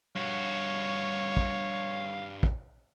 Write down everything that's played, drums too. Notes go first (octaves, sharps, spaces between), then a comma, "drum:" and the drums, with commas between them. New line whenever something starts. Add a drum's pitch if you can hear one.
G2 F#4 C#5 F5
drum: kick
drum: kick